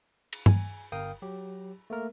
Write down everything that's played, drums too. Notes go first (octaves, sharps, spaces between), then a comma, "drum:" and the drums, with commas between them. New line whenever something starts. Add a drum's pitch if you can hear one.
drum: cymbal
G#5, drum: tom G2
G1 A#4 F5 G5 D#6
F#3 G4
A3 A#3 A#4